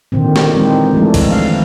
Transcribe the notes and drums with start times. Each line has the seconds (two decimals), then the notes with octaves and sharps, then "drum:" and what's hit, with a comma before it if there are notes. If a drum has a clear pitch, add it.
0.12 A#2 D3 D#3 C4
0.36 G4, drum: snare
0.55 E3 G#3 C4 D#4
0.94 E3 F3 G#3 A3 D4
1.14 drum: kick, cymbal
1.31 F5
1.47 D#3 E4